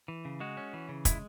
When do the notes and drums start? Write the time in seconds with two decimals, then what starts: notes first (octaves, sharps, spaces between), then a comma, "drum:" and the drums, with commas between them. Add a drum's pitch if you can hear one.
0.08 E3
0.25 C#3
0.40 G#3 F#4
0.57 C#4
0.73 E3
0.89 C#3
1.05 G#3 E4, drum: kick, hi-hat